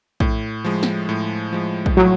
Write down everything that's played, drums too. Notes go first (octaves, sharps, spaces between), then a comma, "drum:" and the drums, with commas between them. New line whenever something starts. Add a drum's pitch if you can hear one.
A2, drum: kick A#1
F3 G#3
drum: snare
A2
F3 G#3
drum: kick A#1
A2 F#3